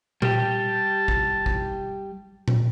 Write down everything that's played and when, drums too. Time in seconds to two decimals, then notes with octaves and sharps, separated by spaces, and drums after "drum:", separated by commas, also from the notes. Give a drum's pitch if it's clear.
0.22 G3 G4 A5, drum: tom A#2
1.08 drum: kick A1
1.46 drum: kick A1
2.48 drum: tom A#2